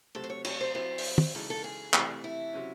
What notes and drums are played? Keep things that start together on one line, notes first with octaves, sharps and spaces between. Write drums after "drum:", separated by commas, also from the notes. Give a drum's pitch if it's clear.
C3 F#3 A3 C4 F#4 A4
C5
C#5
C#5, drum: cymbal
C5
F#3 C4 E4 C5
drum: open hi-hat
drum: tom
C#3 E3 G#3 D#4 A4
A4
G#4
C3 E3 A3, drum: clap
E4
C3 F#3 C#4